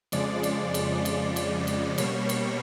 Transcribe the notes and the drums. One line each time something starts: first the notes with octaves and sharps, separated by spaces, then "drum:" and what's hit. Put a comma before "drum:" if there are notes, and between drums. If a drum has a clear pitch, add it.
F2 C#3 F3 G#3 D5, drum: cymbal
drum: cymbal
drum: cymbal
drum: cymbal
drum: cymbal
drum: cymbal
B2 G3 A#3 C#5, drum: cymbal
drum: cymbal